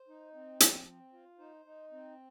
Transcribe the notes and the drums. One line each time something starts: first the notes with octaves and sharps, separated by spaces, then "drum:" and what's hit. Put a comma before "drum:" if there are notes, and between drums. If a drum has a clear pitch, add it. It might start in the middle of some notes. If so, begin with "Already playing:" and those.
Already playing: C5
D#4
C4
F3, drum: hi-hat
C4
F4
D#4 C5
D#4
C4